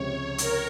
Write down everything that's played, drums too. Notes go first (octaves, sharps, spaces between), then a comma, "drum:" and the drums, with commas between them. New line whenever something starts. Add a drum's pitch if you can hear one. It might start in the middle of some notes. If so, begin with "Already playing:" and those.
Already playing: C#2 C3 F3 C#5
A#4, drum: hi-hat